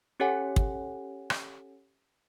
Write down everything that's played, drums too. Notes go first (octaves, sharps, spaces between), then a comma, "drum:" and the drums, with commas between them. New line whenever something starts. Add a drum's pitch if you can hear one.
C#4 G4 A4 C#5 F#5 G#5
drum: kick
drum: rim click